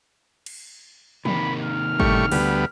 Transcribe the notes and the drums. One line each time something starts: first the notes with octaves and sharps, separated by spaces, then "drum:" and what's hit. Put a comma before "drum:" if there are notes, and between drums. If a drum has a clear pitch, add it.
drum: cymbal
C3 D#3 A#3 B5, drum: tom E3
F6
A2 G3 C#6, drum: kick
D2 G3 B3, drum: open hi-hat